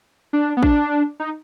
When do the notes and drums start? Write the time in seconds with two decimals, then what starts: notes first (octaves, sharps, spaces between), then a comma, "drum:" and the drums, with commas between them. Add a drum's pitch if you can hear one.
0.33 D4
0.57 B3
0.63 D4, drum: kick A1
1.20 D#4